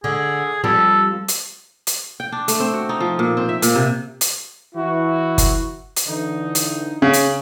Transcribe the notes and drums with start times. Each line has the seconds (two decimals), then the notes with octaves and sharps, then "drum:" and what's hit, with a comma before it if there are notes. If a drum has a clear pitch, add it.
0.04 D3 G#4
0.64 F3 G3 C4 A4
1.28 drum: hi-hat
1.87 drum: hi-hat
2.20 G5
2.32 D4
2.48 A3, drum: hi-hat
2.60 C4
2.74 F#4
2.89 D#4
3.01 F3
3.19 A#2
3.37 C4
3.49 E5
3.62 A#2, drum: hi-hat
3.75 C3
4.21 drum: hi-hat
4.75 E3 E4 F#4
5.38 drum: kick F#1, hi-hat
5.96 drum: hi-hat
6.07 D3 E3 D#4
6.55 drum: hi-hat
7.02 C#3
7.13 drum: hi-hat